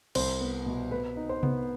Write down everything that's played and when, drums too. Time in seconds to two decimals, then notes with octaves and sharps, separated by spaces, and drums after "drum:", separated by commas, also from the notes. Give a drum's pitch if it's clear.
0.15 C2 C5, drum: cymbal
0.41 B3
0.66 B2
0.91 B2 B4
1.17 D#4
1.29 C5
1.43 B3, drum: tom C3